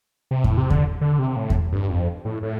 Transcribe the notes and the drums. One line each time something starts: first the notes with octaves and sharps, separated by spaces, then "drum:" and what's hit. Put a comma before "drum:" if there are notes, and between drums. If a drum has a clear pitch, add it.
C3
A2, drum: kick E2
C3
D3, drum: kick E2
D3
C3
A2
drum: kick E2
G2
F2
A2
A2